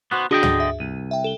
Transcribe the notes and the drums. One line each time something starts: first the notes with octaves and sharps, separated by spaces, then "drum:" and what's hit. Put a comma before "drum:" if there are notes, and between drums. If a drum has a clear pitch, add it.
B3 F#4 C5 F#6
D3 D4 F#4 G#4 D#5 G5
drum: tom
E5
C2 D#7
E5 G5
A4 G7